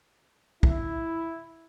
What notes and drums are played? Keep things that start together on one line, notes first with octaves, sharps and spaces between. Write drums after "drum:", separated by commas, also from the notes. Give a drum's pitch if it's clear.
E4, drum: kick